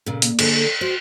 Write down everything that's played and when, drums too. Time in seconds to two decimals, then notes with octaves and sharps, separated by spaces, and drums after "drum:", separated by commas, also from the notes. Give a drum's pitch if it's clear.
0.06 A#2 C#3
0.22 A#3, drum: hi-hat
0.39 D3 D4 G#4, drum: cymbal
0.81 F#4 C5